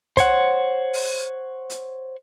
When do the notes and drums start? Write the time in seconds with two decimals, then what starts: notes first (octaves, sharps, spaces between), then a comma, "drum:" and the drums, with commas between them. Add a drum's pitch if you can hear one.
0.17 C5 C#5 F#5, drum: kick, hi-hat
0.93 drum: open hi-hat
1.70 drum: hi-hat